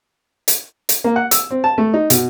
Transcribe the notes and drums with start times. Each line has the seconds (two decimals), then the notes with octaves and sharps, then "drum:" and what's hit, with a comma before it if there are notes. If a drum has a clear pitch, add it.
0.48 drum: hi-hat
0.89 drum: hi-hat
1.04 A#3
1.16 F#5
1.31 E6, drum: hi-hat
1.51 C4
1.64 A5
1.78 A3
1.94 D#4
2.10 B2, drum: hi-hat